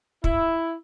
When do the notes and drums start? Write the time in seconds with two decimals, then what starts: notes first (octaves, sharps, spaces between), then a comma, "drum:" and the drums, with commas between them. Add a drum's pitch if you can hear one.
0.24 E4, drum: kick